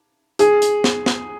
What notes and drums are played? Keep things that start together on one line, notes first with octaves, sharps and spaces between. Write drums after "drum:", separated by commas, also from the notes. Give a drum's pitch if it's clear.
G#4, drum: hi-hat
drum: hi-hat
drum: snare
drum: snare